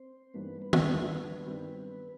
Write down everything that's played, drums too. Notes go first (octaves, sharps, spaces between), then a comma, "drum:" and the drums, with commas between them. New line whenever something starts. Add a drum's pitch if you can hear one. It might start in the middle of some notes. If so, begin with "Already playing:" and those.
Already playing: C4 C5
G2 E3 G3 A#3 B3 D#4 B4
B3 B4
drum: tom
G#2 E3 G3 A#3 B3 D4 B4
G2 D#3 G3 C4